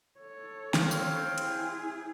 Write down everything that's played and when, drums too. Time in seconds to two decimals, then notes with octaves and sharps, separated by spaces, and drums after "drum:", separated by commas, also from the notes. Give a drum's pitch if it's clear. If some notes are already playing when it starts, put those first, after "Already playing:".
0.20 A4 C#5
0.74 C4 F5 G5, drum: snare
0.91 drum: tambourine
1.38 E4 G#4, drum: hi-hat